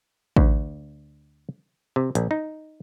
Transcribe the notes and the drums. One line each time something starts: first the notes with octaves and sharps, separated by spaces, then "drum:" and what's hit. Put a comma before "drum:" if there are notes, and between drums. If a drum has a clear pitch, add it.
D2, drum: kick A1
C3
A#1, drum: hi-hat
D#4